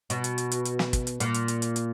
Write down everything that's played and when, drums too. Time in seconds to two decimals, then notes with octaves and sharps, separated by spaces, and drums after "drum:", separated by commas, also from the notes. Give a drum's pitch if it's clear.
0.10 B2, drum: hi-hat
0.24 drum: hi-hat
0.38 drum: hi-hat
0.52 drum: hi-hat
0.65 drum: hi-hat
0.79 drum: snare
0.93 drum: kick, hi-hat
1.07 drum: hi-hat
1.20 A#2, drum: hi-hat
1.34 drum: hi-hat
1.48 drum: hi-hat
1.62 drum: hi-hat
1.76 drum: hi-hat